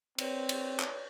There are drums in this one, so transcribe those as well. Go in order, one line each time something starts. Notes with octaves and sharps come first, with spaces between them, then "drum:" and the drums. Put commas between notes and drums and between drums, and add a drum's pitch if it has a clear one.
C4 B4 C#5 D5, drum: cymbal
drum: cymbal
drum: clap